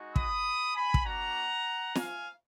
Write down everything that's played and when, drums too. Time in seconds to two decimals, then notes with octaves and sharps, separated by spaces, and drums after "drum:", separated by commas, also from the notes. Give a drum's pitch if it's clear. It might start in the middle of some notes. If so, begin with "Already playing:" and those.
Already playing: G#3 D#4 F#4
0.16 B5 D#6, drum: kick
0.76 G#5 B5
0.94 drum: kick
1.06 A#3 D4 F#4 F#5 A#5
1.95 F5 G#5, drum: snare